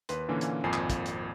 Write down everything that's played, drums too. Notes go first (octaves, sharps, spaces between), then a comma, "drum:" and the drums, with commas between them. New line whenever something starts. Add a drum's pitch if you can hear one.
D#2 B4 C6, drum: hi-hat
A#2 D3 E3 A#3 C#4
drum: hi-hat
G#1 F2 A#2 G#5 C7
drum: clap
drum: kick, hi-hat
drum: hi-hat